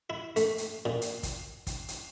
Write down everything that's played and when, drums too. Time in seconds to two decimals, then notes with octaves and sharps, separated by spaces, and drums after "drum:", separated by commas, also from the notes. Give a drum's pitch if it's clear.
0.10 E4
0.36 A3, drum: hi-hat
0.58 drum: hi-hat
0.85 A#2
1.01 drum: hi-hat
1.23 drum: kick, hi-hat
1.67 drum: kick, hi-hat
1.88 drum: hi-hat